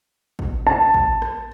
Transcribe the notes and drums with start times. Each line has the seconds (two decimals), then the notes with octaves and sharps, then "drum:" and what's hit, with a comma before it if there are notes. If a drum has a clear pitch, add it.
0.39 drum: kick A1
0.67 A5
0.94 drum: kick A1
1.22 drum: rim click